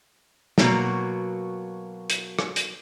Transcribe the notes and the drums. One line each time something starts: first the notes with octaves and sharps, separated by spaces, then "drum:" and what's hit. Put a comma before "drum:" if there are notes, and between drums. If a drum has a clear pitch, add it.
B2 F#3 A#3 A#5, drum: snare
drum: hi-hat
drum: rim click
drum: hi-hat